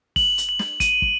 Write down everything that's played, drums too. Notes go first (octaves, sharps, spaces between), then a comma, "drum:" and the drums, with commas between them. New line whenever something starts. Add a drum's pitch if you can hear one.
F#7, drum: kick, open hi-hat
drum: hi-hat
F#7
drum: snare
D#7, drum: kick, hi-hat
drum: kick